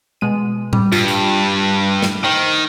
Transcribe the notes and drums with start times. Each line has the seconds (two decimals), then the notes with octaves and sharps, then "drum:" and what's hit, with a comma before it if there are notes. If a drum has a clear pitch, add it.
0.21 B2 G#3 D#7
0.73 G3, drum: tom A2
0.92 G2 F4, drum: tambourine
1.08 drum: tambourine
2.03 drum: snare
2.24 D#3 C5 G5